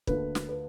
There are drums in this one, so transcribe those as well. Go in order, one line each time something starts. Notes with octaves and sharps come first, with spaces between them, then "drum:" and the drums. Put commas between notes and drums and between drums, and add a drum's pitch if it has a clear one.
D2 D3 A#3 B4, drum: kick
drum: snare
B4